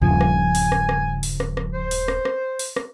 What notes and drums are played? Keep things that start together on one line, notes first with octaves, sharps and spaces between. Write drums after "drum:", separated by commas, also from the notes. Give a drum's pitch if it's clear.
D#1 G2 C#3 F3 G#5
drum: rim click
drum: open hi-hat
drum: rim click
drum: rim click
drum: open hi-hat
drum: rim click
drum: rim click
C5
drum: open hi-hat
drum: rim click
drum: rim click
drum: open hi-hat
drum: rim click